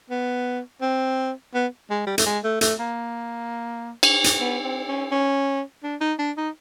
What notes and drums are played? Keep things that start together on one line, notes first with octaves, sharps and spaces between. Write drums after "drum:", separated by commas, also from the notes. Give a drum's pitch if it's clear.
B3
C4
B3
G#3
G3
A3, drum: hi-hat
G#3
A3
A3, drum: hi-hat
A#3
drum: cymbal
drum: hi-hat
B3
C4
C#4
C#4
D4
D#4
D4
D#4